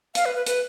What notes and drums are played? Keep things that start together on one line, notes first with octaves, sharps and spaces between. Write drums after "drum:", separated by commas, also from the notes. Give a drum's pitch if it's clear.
F5, drum: hi-hat
B4
B4
B4, drum: hi-hat